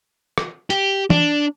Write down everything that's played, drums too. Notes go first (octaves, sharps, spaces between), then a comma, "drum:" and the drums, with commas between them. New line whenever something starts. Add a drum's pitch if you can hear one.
drum: rim click
G4, drum: hi-hat
D4, drum: tom